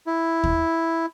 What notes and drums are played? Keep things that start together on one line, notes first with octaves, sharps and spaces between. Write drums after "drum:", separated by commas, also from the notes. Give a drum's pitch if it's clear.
E4
drum: kick D#2